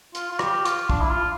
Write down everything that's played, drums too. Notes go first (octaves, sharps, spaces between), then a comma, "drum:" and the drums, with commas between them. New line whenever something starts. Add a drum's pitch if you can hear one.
F4, drum: hi-hat
F4
G4, drum: rim click
F4, drum: hi-hat
D4, drum: kick
E4
F4